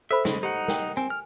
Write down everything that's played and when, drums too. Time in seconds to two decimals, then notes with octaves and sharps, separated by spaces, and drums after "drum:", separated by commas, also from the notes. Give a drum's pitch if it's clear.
0.11 A4 C5 E5 B5
0.25 C#3 G#3, drum: snare
0.43 D#4 G4 F#5
0.68 A#4 G5, drum: snare
0.97 C4 G#5
1.10 F6